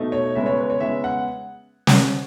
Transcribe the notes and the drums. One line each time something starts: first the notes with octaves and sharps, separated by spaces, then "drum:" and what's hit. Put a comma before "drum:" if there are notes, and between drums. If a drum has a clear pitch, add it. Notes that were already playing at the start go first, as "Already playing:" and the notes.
Already playing: B2 A3 D#4
C#5
C#3 G#3 B3 E5
C#5
B4
C#5
C#3 G#3 B3 E5
F#5
drum: snare